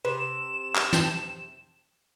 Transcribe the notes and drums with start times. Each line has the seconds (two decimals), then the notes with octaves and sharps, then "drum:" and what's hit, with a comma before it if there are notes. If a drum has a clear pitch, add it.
0.05 C3 B4 E7
0.75 drum: clap
0.93 G5 A5, drum: snare